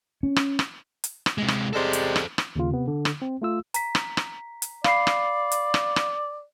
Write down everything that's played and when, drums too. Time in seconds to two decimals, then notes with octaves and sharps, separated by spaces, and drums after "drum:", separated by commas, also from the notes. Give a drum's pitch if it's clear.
0.23 C#4
0.36 drum: rim click
0.59 drum: rim click
1.04 drum: hi-hat
1.26 drum: rim click
1.38 C3 G#3
1.48 drum: rim click
1.73 C3 G3 G#3 A4 C5
1.93 drum: hi-hat
2.16 drum: rim click
2.38 drum: rim click
2.56 D#2 C#3 F4
2.71 C3 B3
2.87 D3
3.05 drum: rim click
3.22 C4
3.42 A3 F4 E6
3.74 A#5 B6, drum: hi-hat
3.95 drum: rim click
4.17 drum: rim click
4.62 drum: hi-hat
4.84 D5 F5 B5 C7, drum: rim click
5.07 drum: rim click
5.52 drum: hi-hat
5.74 drum: rim click
5.96 drum: rim click